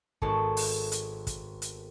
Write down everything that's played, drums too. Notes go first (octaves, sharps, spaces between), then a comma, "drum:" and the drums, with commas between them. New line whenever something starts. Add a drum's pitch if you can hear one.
G#1 B3 G#4 A4 C#5 A5, drum: kick
drum: open hi-hat
drum: hi-hat
drum: kick, hi-hat
drum: hi-hat